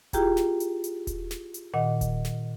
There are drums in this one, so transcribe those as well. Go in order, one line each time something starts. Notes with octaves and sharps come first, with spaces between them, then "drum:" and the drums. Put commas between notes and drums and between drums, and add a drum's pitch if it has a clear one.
E4 F4 G4 G#4 G5 A#5, drum: kick D#1, hi-hat
drum: snare
drum: hi-hat
drum: hi-hat
drum: kick D#1, hi-hat
drum: snare
drum: hi-hat
A#2 D#3 D#5 F#5
drum: kick D#1, hi-hat
drum: snare